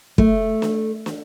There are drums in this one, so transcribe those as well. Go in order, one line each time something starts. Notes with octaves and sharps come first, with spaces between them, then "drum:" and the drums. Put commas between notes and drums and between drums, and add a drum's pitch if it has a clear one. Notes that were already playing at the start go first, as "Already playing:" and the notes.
A3, drum: kick
drum: snare
drum: snare